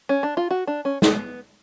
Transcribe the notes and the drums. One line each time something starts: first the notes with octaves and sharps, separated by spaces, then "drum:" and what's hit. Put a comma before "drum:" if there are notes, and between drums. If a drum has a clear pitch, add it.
C#4
D4
F4
F#4
D4
C#4
B3, drum: snare